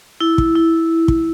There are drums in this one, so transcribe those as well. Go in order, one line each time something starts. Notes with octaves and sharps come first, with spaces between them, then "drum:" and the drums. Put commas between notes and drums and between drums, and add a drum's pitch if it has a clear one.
E4
drum: kick
E4
drum: kick